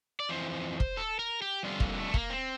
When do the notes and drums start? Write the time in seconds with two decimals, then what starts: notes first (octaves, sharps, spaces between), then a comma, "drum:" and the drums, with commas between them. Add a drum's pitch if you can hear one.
0.20 D5
0.29 F2 E3 C5
0.80 drum: kick
0.97 A4
1.19 A#4
1.42 G4
1.63 F2 D3 G3 F4
1.80 A#3, drum: kick
1.98 A3
2.14 A#3, drum: kick
2.30 C4